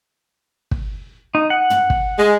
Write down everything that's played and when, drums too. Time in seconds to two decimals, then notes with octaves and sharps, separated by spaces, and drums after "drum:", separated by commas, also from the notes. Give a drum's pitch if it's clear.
0.71 drum: kick
1.35 D#4
1.50 F#5
1.70 drum: tom
1.90 drum: kick
2.19 G#3